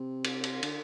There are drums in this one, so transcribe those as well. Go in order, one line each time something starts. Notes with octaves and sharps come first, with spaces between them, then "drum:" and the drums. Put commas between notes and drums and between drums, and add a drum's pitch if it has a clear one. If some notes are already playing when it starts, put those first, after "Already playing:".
Already playing: C3
drum: cymbal
drum: cymbal
D3, drum: cymbal